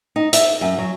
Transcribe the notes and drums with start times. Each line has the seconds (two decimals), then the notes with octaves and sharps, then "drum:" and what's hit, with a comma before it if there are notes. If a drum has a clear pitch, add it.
0.16 D#4
0.33 E5, drum: hi-hat
0.61 F#2
0.78 F#3